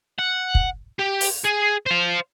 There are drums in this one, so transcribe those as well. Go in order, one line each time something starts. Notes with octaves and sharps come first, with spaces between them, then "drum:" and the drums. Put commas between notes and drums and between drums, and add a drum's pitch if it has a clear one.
F#5
drum: kick
G4
drum: open hi-hat
G#4
C5 F5